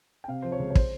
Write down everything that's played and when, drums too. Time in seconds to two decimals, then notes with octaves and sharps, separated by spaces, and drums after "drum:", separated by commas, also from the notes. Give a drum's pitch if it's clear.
0.24 G5
0.28 C3 F5
0.42 F3 C5
0.52 C#5
0.59 C#2
0.71 C#5
0.75 C5, drum: kick